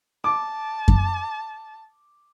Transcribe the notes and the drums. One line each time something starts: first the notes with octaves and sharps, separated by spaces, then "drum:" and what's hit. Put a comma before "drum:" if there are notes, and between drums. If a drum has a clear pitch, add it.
A5 D6
drum: kick F#2